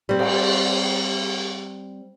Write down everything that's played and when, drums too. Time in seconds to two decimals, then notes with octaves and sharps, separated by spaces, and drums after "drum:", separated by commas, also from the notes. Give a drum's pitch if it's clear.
0.09 G3 C4
0.19 drum: cymbal